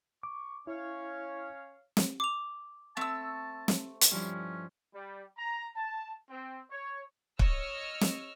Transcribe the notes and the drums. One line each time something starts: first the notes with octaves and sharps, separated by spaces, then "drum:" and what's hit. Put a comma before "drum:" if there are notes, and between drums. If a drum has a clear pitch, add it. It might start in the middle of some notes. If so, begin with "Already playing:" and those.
C#6 D6
C#4 E4 C#5 F5
drum: snare
D6 F7
A3 C4 A5 E6
drum: snare
drum: hi-hat
G2 F3 C#4 E4
G3
A#5
A5
C4
C#5
C#5 D#5 C#6 E6 F6, drum: kick
drum: snare